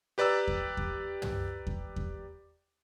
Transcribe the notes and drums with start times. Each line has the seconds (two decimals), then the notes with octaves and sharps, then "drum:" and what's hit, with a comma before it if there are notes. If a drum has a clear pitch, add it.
0.18 G4 B4 D5 A#5 E6
0.48 drum: kick E2
0.77 drum: kick E2
1.22 drum: tom
1.67 drum: kick E2
1.96 drum: kick E2